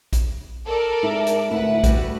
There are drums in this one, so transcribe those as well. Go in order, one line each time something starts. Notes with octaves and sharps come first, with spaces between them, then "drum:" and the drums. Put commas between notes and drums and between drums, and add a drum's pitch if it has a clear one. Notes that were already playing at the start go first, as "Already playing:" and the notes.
drum: kick A#1, hi-hat
A4 A#4 D5
G#2 E4
drum: hi-hat
D2 A2 E4 B4 F#5
G3 A3 F#4, drum: kick A#1, hi-hat